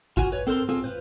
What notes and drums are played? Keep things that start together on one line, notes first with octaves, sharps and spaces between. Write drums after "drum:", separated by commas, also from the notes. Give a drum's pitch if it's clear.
F4 F#4 G#5, drum: kick G#1
B4 C#5
C4 A4 A#4 C5 C6
C4 F4 G#4 A4
F4 B4 C5, drum: tom